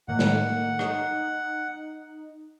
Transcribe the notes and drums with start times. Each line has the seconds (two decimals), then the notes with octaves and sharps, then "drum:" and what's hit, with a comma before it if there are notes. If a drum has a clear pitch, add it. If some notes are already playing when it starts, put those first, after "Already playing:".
0.08 A2 D#3 A#3 F#5
0.19 drum: snare
0.79 D#4, drum: rim click